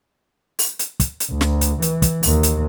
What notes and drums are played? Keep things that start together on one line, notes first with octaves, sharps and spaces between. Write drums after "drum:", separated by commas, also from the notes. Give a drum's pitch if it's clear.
drum: open hi-hat
drum: hi-hat
drum: kick, hi-hat
drum: hi-hat
D2
drum: snare
drum: hi-hat
E3, drum: hi-hat
drum: kick, hi-hat
D#2, drum: open hi-hat
drum: hi-hat